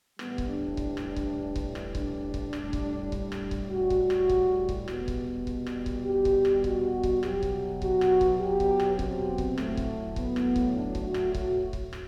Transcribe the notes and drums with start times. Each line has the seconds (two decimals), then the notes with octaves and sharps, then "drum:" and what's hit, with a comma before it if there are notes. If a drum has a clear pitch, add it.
0.19 A2 E3 G3 B3, drum: rim click
0.38 drum: kick C#1
0.48 D4
0.77 drum: kick C#1
0.97 drum: rim click
1.16 drum: kick C#1
1.56 drum: kick C#1
1.75 drum: rim click
1.95 D4, drum: kick C#1
2.34 drum: kick C#1
2.53 A2 G3, drum: rim click
2.73 drum: kick C#1
3.12 drum: kick C#1
3.32 drum: rim click
3.51 drum: kick C#1
3.71 F#4
3.90 drum: kick C#1
4.10 drum: rim click
4.30 drum: kick C#1
4.69 drum: kick C#1
4.88 B2 G3, drum: rim click
5.08 drum: kick C#1
5.47 drum: kick C#1
5.66 drum: rim click
5.86 drum: kick C#1
6.06 G4
6.25 drum: kick C#1
6.45 drum: rim click
6.64 F#4, drum: kick C#1
7.03 drum: kick C#1
7.23 B2 F#3 G4, drum: rim click
7.43 drum: kick C#1
7.82 F#4, drum: kick C#1
8.01 drum: rim click
8.21 drum: kick C#1
8.40 G4
8.60 drum: kick C#1
8.80 drum: rim click
8.99 C4, drum: kick C#1
9.38 drum: kick C#1
9.58 A2 F#3 A3, drum: rim click
9.77 drum: kick C#1
10.16 B3, drum: kick C#1
10.36 drum: rim click
10.56 drum: kick C#1
10.75 D4
10.95 drum: kick C#1
11.04 F#4
11.14 drum: rim click
11.35 F#4, drum: kick C#1
11.73 drum: kick C#1
11.93 drum: rim click